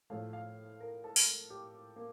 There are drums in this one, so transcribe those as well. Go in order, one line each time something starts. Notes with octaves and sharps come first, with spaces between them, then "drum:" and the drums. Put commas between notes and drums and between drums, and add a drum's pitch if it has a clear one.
A2 F3 A3 F5
F5
A#4
A4
drum: open hi-hat
G4
A#3